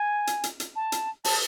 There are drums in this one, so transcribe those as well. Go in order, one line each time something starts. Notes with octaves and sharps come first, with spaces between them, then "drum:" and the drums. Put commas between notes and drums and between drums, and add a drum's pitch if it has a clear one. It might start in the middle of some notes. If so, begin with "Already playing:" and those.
Already playing: G#5
drum: hi-hat
drum: hi-hat
drum: hi-hat
A5
drum: hi-hat
A5, drum: open hi-hat